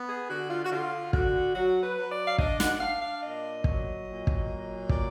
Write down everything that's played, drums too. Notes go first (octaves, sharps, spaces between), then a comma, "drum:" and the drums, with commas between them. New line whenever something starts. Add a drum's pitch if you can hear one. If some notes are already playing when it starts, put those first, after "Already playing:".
Already playing: B3
G#4
D3 F#4
F4
F#4
D3 F4
D3 F#4, drum: kick
F#3 F#4
B4
F#3
D5
F5
D4 D#5, drum: kick
F#5, drum: snare
D4 F5
F5
A#2 D#5
F#3, drum: kick
A#2
drum: kick
F#3
A#2 D5, drum: kick